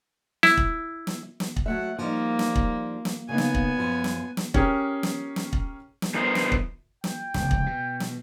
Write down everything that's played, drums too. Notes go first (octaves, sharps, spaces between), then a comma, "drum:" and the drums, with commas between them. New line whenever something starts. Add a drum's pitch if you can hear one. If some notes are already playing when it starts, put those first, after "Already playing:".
E4, drum: snare
drum: kick
drum: snare
drum: snare
drum: kick
F#3 A3 E5 F#5
F3 G3 A#3 D#4
drum: snare
drum: kick
drum: snare
C#3 A#3 B3 D#4 G#5
drum: snare
drum: kick
F#2 F3
drum: snare
drum: snare
C#4 G4 G#4 A#4, drum: kick
drum: snare
drum: snare
drum: kick
drum: snare
G2 E3 B3 A#4 C5 D#5
drum: snare
drum: kick
G5, drum: snare
F1 C#2, drum: snare
drum: kick
B2
drum: snare